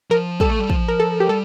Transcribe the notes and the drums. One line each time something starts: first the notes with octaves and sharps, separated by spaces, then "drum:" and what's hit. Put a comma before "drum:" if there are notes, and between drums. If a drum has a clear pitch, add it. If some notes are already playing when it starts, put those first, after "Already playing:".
F3 A#4
G3 A4, drum: kick
A3
G3
F3, drum: kick
A#4
A4
G4
G3 A4